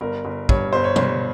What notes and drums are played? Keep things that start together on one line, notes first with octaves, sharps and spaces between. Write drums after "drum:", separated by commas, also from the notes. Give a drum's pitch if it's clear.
G1 A#4
G1
G2 C#5, drum: kick
G1 C5
C#5
G1 C5, drum: tom B2